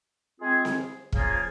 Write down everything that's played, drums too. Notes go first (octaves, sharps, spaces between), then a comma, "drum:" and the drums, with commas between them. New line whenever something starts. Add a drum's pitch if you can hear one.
G#3 C4 F4 G#4
drum: snare C4
C#3 F3 A#3 F4 G#4, drum: kick